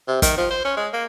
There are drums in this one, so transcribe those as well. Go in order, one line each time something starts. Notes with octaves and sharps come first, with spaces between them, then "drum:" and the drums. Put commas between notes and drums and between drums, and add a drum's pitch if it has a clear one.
C3
D#3, drum: kick, hi-hat
F3
C5
C#4
G#3
A#3